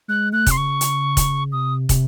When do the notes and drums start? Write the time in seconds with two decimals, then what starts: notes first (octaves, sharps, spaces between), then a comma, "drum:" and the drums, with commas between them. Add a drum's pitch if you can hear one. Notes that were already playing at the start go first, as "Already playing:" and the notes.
0.08 G#3 F#6
0.33 A3 F#6
0.47 C3 C6, drum: kick, hi-hat
0.57 C#3 C#6
0.81 drum: hi-hat
1.17 drum: kick, hi-hat
1.52 C3 D#6
1.89 C3, drum: kick, hi-hat